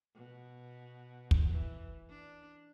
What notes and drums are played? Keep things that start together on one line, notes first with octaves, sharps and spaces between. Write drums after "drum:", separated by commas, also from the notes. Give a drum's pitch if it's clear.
B2
drum: kick
E3
D4